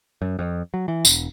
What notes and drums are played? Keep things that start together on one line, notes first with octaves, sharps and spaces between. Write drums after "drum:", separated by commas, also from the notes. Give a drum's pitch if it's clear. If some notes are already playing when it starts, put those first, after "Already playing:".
F#2
F2
F#3
E3
E1, drum: tambourine